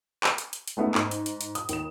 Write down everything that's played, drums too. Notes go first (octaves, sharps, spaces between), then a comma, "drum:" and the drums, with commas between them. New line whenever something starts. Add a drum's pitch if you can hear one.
drum: clap
drum: hi-hat
drum: hi-hat
drum: hi-hat
G#3 A3 B3 C#4 D#4
G#2, drum: clap
drum: hi-hat
drum: hi-hat
drum: hi-hat
D#6, drum: hi-hat
D#2 E7, drum: hi-hat